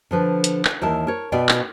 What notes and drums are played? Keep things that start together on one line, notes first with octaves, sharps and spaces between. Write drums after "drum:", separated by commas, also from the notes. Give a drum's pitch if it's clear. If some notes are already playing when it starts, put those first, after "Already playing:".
D3 F3 B4
drum: hi-hat
drum: clap
D#2 E3 A#4 A5
A#4 C#5
B2 F#4 B4 D5 F5 G5
drum: clap